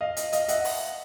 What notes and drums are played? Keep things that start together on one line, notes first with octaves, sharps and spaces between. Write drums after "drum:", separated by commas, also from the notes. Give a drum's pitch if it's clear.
D#5 F5
drum: hi-hat
D#5 F5, drum: hi-hat
E5 F#5, drum: hi-hat
drum: open hi-hat